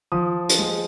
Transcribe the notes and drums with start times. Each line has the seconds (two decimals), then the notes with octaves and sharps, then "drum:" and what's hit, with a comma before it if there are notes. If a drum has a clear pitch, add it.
0.12 F3 D#6
0.49 drum: hi-hat
0.59 G#3